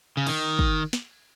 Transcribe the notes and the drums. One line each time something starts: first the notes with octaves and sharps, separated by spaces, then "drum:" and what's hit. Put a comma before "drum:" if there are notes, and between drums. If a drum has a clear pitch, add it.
C#3
D#3, drum: cymbal
drum: kick
drum: snare